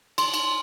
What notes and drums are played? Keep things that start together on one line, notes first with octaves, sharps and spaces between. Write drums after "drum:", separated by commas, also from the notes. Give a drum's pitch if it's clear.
C6, drum: cymbal
drum: cymbal